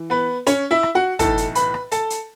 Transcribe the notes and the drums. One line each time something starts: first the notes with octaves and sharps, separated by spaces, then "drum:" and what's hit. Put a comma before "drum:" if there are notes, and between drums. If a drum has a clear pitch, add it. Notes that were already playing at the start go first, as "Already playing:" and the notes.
Already playing: E3
B3 B4
C#4 C#5, drum: hi-hat
E4 E5
drum: rim click
F#4 F#5
B1 A2 E3 A4 A5, drum: kick, hi-hat
drum: hi-hat
B4 B5, drum: hi-hat
drum: rim click
A4 A5, drum: hi-hat
drum: hi-hat